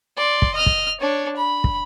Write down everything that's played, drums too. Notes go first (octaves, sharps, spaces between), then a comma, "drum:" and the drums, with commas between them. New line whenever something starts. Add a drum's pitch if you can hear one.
D5 C6
drum: kick
D#5 F6
drum: kick
D4 C#5
B5
drum: kick